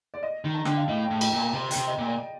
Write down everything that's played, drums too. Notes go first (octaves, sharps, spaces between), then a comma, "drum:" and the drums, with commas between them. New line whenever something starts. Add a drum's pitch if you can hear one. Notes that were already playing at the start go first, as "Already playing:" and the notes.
D5
D#5
D#3
A5
D3 G5, drum: rim click
F5
A2 D#5
G5
A2
G5, drum: cymbal
A#2
A5
C3 A5
G5, drum: hi-hat
C3
D#5
A#2
D5